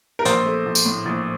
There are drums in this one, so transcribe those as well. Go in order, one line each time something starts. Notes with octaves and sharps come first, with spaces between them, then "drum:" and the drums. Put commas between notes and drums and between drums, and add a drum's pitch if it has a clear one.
A#4
A#1 C5, drum: hi-hat
A3
A#1
drum: tambourine
A2
A#1